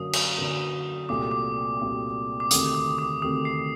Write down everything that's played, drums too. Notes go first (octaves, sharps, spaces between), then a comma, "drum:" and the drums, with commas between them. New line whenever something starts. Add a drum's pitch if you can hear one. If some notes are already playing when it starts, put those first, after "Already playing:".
Already playing: F#2 D3 F#3 A#3 D#6
drum: cymbal
F#2 D3 F#3 A#3
C2 A#2 A3 C4 F#4 D6
D6
C2 A#2 A3 C4 F#4
D6
D2 C3 D#3 A3 C4 D#6, drum: hi-hat
D#6
D6
D2 C3 D#3 A3 C4 D#6
C7